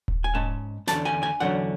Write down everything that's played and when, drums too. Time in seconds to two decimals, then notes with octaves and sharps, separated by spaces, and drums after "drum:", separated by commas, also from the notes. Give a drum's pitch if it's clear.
0.08 drum: kick D#1
0.24 G#5
0.34 G#2 G#3 C#4 A5
0.87 E2 D3 F#3 C#4 A5, drum: snare
1.05 G#5
1.23 G#5
1.40 E2 D3 F#3 C#4 F#5